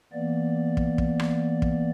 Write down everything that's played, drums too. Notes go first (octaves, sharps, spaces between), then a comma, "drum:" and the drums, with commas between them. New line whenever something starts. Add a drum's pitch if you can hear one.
E3 A#3 B3 D5
drum: kick
drum: kick
drum: rim click
drum: kick